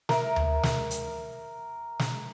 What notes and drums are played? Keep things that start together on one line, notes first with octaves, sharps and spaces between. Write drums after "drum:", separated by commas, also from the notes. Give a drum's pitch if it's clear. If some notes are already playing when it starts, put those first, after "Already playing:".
A#4 E5, drum: snare
drum: tom D2
drum: snare
drum: hi-hat
drum: snare